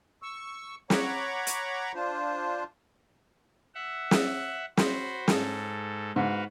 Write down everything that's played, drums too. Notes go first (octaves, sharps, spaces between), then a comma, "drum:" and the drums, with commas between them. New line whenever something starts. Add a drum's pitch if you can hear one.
C#6 E6
C#5 F#5 A#5 B5 C#6 D6, drum: snare
drum: hi-hat
D4 F4 C5
E5 F#5
drum: snare
F#4 C5 B5, drum: snare
G#2 A4, drum: snare
G#2 F#4 B4 F5